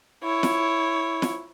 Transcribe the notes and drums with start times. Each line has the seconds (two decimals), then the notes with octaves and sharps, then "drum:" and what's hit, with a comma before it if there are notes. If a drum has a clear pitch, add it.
0.23 E4 C#5
0.43 drum: snare
1.22 drum: snare